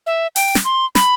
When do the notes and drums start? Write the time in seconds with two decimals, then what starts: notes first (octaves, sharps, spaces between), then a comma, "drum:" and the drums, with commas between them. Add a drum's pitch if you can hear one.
0.07 E5
0.36 G5, drum: open hi-hat
0.55 drum: snare
0.65 C6
0.95 B5, drum: snare